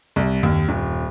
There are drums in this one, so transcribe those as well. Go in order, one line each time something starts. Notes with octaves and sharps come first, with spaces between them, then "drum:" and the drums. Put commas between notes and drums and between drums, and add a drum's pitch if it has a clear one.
C2
D#2, drum: tom F#2
D#1